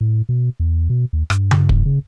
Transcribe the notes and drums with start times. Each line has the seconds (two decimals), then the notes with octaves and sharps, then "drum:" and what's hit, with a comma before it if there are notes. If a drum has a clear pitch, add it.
0.01 A2
0.29 B2
0.60 E2
0.90 B2
1.13 D#2
1.30 G2, drum: rim click
1.51 drum: tom C#3
1.69 drum: kick
1.86 C#3